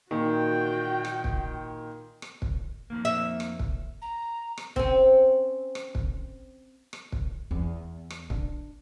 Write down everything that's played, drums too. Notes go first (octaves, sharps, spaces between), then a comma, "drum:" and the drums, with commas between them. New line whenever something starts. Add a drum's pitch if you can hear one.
A#2 D#3 F#4 G5
drum: rim click
drum: kick
drum: rim click
drum: kick
F2 D#3 A#3
E5
drum: rim click
drum: kick
A#5
drum: rim click
C4 C#4, drum: kick
drum: rim click
drum: kick
drum: rim click
drum: kick
E2
drum: rim click
D4, drum: kick